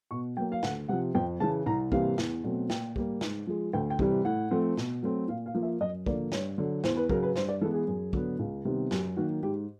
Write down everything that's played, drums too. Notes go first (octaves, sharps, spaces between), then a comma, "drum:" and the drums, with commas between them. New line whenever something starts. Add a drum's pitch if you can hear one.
B2 C#6
F#3 A#3 G5
F5
D2 F#5, drum: snare
C3 F3 F#5
F2 G5
C#3 E3 A5
C2 A#5
C3 E3 G3 A#3 F5, drum: kick
E2, drum: snare
B2 F#3 A3 C4
A#2 G5, drum: snare
G3 A#3, drum: kick
G#2, drum: snare
F3 G#3
D2 G5
G5
C3 E3 G3, drum: kick
A2 F#5
F3 A3 C4
B2, drum: snare
F#3 A3 C4
A#2 F5
F5
F3 A#3
E5
F#2 D#5
D3 F3 A#3 D5, drum: kick
G2 C#5, drum: snare
D3 F#3
E2 C5, drum: snare
B4
C#3 F#3 A#4, drum: kick
B4
G2 C5, drum: snare
D5
E3 G#3 B3 A4
G#4
F#2
D3 F#3 B3, drum: kick
C#2
C3 D#3 G3 B3
F#2 G4, drum: snare
D#3 F#3 A#3 F#4
G#2 G4